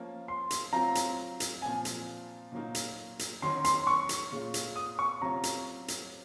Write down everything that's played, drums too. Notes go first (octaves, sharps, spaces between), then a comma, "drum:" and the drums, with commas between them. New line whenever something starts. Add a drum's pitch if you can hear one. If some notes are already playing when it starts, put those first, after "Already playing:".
Already playing: F3 A#3 C#4
C6
drum: hi-hat
F#3 C4 F4 A#5
drum: hi-hat
drum: hi-hat
A#2 F3 C4 G#5
drum: hi-hat
A#2 F#3 A#3 D#4
drum: hi-hat
drum: hi-hat
D#3 F#3 C#4 C6
C6, drum: hi-hat
C#6
drum: hi-hat
A#2 G#3 C#4 F4
drum: hi-hat
D#6
C#6
C3 F#3 C#4 F4 A#5
drum: hi-hat
drum: hi-hat